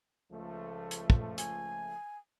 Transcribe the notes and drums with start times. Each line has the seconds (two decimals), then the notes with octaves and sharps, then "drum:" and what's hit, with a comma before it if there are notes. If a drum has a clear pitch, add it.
0.32 C#2 F3 A3
0.91 drum: hi-hat
1.10 drum: kick
1.38 G#5, drum: hi-hat